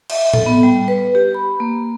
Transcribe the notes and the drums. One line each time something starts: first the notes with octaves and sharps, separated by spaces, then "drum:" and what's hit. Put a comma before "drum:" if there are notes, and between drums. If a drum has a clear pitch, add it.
E5, drum: cymbal
A4, drum: tom A2
B3
G3
B4
G4
B5
A#3